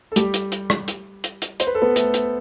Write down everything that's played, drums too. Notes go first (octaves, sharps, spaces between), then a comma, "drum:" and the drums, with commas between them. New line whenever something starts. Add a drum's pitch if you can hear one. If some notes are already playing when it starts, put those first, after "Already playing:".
A4
G3 G4, drum: hi-hat
drum: hi-hat
drum: hi-hat
drum: rim click
drum: hi-hat
drum: hi-hat
drum: hi-hat
C5, drum: hi-hat
B4
A4
B3 B4
A3 A4, drum: hi-hat
drum: hi-hat